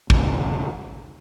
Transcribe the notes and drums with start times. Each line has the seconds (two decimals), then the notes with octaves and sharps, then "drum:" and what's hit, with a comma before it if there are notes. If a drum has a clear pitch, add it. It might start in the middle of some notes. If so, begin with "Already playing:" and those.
0.10 E1 D2 C#3, drum: kick